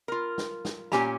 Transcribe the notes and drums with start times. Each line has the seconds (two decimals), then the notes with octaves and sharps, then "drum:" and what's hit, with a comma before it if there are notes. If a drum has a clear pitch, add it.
0.08 F4 A#4
0.38 drum: snare
0.65 drum: snare
0.92 A#2 C#4 G4 G#5 A#5, drum: snare